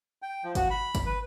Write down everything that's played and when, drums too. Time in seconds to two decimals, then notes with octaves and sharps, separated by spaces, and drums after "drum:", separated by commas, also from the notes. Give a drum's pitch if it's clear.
0.22 G5
0.44 F3
0.55 F#4, drum: kick G1, hi-hat
0.70 B5
0.95 drum: kick G1, hi-hat
1.06 B4